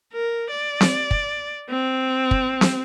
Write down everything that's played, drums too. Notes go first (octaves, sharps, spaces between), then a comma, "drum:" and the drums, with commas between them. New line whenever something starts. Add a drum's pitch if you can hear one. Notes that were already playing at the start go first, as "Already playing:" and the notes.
A#4
D5
drum: snare C4
drum: kick
C4
drum: kick
drum: snare C4